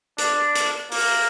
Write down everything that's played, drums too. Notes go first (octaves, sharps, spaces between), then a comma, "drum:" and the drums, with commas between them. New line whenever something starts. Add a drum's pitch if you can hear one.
D4, drum: hi-hat
drum: hi-hat
A#3, drum: open hi-hat